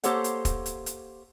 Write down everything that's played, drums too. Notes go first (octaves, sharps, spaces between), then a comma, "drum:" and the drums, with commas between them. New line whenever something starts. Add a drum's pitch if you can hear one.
A#3 G4 A4 C5 C#5 F#5, drum: hi-hat
drum: hi-hat
drum: kick, hi-hat
drum: hi-hat
drum: hi-hat